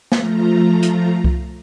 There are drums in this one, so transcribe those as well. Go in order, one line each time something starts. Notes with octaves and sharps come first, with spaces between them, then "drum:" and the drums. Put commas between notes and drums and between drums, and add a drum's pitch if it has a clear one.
F3 A3 F4 A#5, drum: snare
drum: hi-hat
drum: kick C2